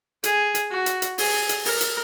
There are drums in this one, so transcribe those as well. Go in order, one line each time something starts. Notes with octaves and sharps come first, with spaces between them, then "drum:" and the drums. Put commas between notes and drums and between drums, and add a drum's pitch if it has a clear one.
G#4, drum: hi-hat
drum: hi-hat
F#4
drum: hi-hat
drum: hi-hat
G#4, drum: open hi-hat
drum: hi-hat
A#4, drum: open hi-hat
drum: hi-hat